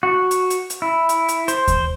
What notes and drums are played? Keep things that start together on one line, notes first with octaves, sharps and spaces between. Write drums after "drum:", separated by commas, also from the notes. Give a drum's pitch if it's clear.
F#4
drum: hi-hat
drum: hi-hat
drum: hi-hat
E4
drum: hi-hat
drum: hi-hat
C5, drum: hi-hat
drum: kick D#2, hi-hat